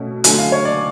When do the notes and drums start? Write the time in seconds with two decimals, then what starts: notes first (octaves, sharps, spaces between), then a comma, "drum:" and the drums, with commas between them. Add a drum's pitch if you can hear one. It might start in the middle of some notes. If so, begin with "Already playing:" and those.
Already playing: B2 A3 C#4
0.24 D3 F#3 A3 G#5, drum: hi-hat
0.38 F5
0.52 C#5
0.65 D5